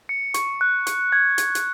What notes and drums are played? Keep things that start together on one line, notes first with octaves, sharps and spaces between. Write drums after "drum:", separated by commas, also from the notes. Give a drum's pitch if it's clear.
C#7
C#6, drum: hi-hat
F#6
C#6, drum: hi-hat
G#6
G#6, drum: hi-hat
drum: hi-hat